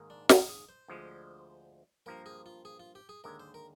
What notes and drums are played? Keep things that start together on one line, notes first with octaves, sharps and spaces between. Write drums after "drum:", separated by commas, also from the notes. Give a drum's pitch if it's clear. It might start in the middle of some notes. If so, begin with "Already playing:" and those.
Already playing: G#2 D#3 A#3
D4
D#4, drum: snare
G#4
C5
D2 D3 F3 G#3
G2 F3 A#3 A#4
G#4
F4
G#4
F4
G4
G#4
D#2 D3 G#3 A#4
C5
A#4